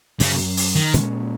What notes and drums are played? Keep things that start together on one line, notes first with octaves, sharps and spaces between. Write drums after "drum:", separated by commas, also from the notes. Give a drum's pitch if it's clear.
F#2 C#3 F#3 C#4, drum: open hi-hat
drum: open hi-hat
D#3
A#2 G#3 C#4, drum: hi-hat